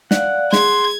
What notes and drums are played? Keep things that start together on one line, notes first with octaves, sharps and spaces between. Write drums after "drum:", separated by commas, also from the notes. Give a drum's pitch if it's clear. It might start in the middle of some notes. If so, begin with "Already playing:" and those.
D5 F5 F#5, drum: snare
G#4 C6 G#6, drum: snare